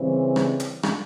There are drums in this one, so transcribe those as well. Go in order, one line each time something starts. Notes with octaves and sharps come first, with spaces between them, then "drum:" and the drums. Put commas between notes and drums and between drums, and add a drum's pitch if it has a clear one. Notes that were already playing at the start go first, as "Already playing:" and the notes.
Already playing: C#3 E3 G3 C4
drum: rim click
drum: hi-hat
drum: rim click